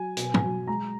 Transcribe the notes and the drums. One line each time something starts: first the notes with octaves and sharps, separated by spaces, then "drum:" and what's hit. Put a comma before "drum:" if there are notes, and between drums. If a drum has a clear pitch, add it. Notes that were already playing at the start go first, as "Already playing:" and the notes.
Already playing: F#3 G#5
B2, drum: hi-hat
drum: tom
F#3
G#3 A#5